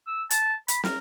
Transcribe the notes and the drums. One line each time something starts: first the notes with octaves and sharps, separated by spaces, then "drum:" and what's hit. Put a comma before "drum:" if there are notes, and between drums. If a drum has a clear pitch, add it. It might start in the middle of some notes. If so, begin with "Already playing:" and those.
E6
A5, drum: hi-hat
B5, drum: hi-hat
A#4, drum: snare